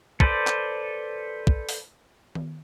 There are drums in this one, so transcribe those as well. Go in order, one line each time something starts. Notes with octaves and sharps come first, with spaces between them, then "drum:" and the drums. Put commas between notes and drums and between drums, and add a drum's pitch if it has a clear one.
A4 B4 C5 D5, drum: kick
drum: clap
drum: kick
drum: open hi-hat
drum: tom D#3